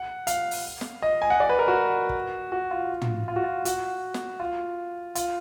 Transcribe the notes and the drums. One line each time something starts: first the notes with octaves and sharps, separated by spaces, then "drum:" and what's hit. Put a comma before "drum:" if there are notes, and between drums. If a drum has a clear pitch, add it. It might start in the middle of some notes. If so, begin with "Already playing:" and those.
Already playing: F#5
F5, drum: hi-hat
drum: open hi-hat
drum: snare
D#5
G#5
F#5
D5
B4
A#4
F#4
drum: kick
F#4
F4
drum: tom
F4
F#4
F4
F#4, drum: hi-hat
drum: snare
F4
F4, drum: hi-hat